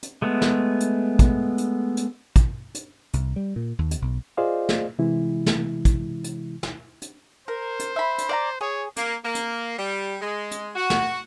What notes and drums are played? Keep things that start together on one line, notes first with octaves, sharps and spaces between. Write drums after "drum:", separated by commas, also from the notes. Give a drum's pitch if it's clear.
drum: hi-hat
G#3 A3 B3
drum: snare
drum: hi-hat
drum: kick, hi-hat
drum: hi-hat
drum: hi-hat
drum: kick, hi-hat
drum: hi-hat
C2, drum: hi-hat
G3
A#2
D#2
drum: hi-hat
B1
F4 G#4 C5 D5 D#5 F5
drum: snare
C3 E3 G#3 E4
drum: snare
drum: kick, hi-hat
drum: hi-hat
drum: snare
drum: hi-hat
A#4 C5
drum: hi-hat
E5 B5
drum: hi-hat
D5 F5 A#5
G#4 C#5
A#3, drum: hi-hat
A#3
drum: hi-hat
G3
G#3
drum: hi-hat
F#4
drum: snare